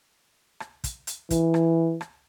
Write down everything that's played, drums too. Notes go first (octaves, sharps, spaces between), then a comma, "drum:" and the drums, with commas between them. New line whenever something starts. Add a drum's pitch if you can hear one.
drum: rim click
drum: kick, hi-hat
drum: hi-hat
E3, drum: kick, hi-hat
drum: rim click
drum: rim click